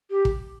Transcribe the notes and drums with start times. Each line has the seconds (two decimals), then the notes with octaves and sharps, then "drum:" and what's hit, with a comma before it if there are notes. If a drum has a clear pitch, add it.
0.10 G4
0.25 drum: kick